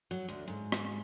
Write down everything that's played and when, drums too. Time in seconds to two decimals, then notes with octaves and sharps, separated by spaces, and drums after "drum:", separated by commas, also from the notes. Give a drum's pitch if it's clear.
0.11 F#3
0.28 D2
0.48 G#2
0.72 drum: rim click